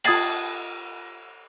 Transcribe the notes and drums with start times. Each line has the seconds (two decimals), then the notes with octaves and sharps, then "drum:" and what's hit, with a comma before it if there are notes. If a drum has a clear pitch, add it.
0.04 F4 D#6 G#6 A6 C7 F#7, drum: cymbal